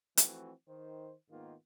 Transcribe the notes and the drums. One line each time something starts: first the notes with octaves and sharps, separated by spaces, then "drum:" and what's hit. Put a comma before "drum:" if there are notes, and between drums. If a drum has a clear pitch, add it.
E3 F3 A3 C4 F#4, drum: hi-hat
D#3 C5
G#2 D#3 A#3 B3 F4